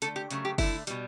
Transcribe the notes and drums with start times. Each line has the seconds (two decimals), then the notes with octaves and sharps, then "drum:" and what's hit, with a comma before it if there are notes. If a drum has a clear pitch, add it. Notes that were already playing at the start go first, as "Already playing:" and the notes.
0.02 D3 A3 A4, drum: hi-hat
0.16 G4
0.31 C#3 F#3 A3, drum: hi-hat
0.45 G4
0.58 D3 A3 E4, drum: kick F#1, open hi-hat
0.87 B2 G3, drum: hi-hat